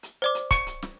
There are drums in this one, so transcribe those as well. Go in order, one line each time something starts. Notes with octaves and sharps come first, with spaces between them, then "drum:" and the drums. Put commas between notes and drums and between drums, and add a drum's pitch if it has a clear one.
drum: hi-hat
C5 D5 D6
drum: hi-hat
C#6, drum: kick, hi-hat
drum: hi-hat
drum: snare